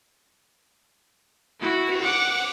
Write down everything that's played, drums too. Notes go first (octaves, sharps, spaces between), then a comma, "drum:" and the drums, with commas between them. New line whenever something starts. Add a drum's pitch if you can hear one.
E4 F#4
drum: cymbal
F#5 D6